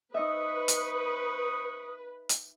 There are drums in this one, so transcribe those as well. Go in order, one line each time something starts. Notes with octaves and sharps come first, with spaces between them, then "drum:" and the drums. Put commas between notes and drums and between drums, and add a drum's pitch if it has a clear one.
D#4 B4 C5 D#5 E5 C#6 D#6
drum: hi-hat
drum: hi-hat